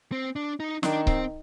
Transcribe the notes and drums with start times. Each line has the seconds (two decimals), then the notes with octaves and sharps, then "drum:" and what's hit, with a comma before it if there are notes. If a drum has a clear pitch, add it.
0.12 C4
0.36 D4
0.60 D#4
0.83 D#3 D4, drum: snare
1.07 C4, drum: kick C#1